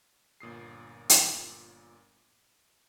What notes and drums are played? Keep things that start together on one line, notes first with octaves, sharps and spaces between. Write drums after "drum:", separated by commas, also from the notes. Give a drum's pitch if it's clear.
G1 A#2 D#6 C7
drum: hi-hat